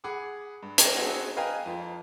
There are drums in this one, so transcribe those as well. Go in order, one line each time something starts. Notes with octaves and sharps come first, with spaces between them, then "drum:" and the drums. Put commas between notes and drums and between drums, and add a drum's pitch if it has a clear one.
G#4 F#5 B5 D6
G2
G5 A#5 D6 G#6 A#6, drum: hi-hat
B3 C4 F#4 G#4 F#5 G#5
B4 D#5 F5 G5 G#5 A#5
F2 F4